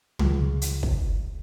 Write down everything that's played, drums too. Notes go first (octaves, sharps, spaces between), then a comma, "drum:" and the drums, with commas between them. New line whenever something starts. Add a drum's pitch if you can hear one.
C#2, drum: tom
drum: hi-hat
drum: kick